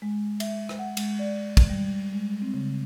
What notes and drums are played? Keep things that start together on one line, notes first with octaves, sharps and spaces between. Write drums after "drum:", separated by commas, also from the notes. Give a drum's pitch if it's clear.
G#3
E5, drum: cymbal
drum: rim click
F#5
G#3, drum: cymbal
D5
drum: kick, cymbal
G3
G#3
C4
C#3